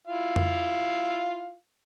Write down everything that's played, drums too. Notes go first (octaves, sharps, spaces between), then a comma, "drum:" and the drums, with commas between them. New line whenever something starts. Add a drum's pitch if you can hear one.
E4 F4 F5
drum: tom F2